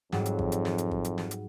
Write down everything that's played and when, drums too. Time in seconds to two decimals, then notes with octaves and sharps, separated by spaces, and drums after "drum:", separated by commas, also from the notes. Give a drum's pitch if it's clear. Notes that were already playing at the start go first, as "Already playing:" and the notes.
0.12 F2 G#2 F#3 G3, drum: snare
0.26 drum: hi-hat
0.39 drum: kick
0.52 drum: hi-hat
0.65 drum: snare
0.78 drum: hi-hat
0.91 drum: kick
1.05 drum: hi-hat
1.18 drum: snare
1.31 drum: hi-hat